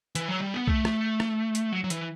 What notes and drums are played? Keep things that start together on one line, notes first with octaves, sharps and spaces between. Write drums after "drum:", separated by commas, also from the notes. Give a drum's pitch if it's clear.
E3, drum: hi-hat
F#3
G3
B3
A3, drum: kick B1
drum: rim click
drum: rim click
drum: hi-hat
F#3
F#3
E3, drum: hi-hat